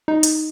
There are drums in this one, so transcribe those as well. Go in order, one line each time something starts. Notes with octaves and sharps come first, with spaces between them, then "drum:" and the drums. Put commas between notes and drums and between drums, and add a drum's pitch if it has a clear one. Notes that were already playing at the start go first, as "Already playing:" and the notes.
D#4
drum: hi-hat